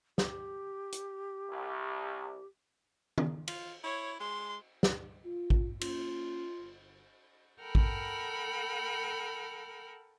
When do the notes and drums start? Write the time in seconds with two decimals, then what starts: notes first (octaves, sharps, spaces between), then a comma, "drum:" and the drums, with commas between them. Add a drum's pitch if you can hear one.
0.18 G4, drum: snare
0.92 drum: hi-hat
1.48 C2
3.18 drum: tom D#3
3.48 F4, drum: cymbal
3.84 E4 C#5
4.20 G#3 C6
4.83 drum: snare
5.25 F4
5.50 drum: kick A1
5.81 A#3 C#4 F4, drum: cymbal
6.59 G1
7.62 A4 A#4 F#5 G5 B5 F6
7.75 drum: kick A1